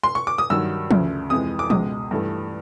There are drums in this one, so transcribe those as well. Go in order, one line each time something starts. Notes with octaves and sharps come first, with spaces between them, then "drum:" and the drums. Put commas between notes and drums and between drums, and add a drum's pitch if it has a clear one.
C6
C#6
D6
D#6
G2 D#3 F#3 E6
D2 C#3 F3, drum: tom
F2 C3 E3 G#3 D#6
D6
C#2 B2 G#3 D#6, drum: tom
G2 E3 A3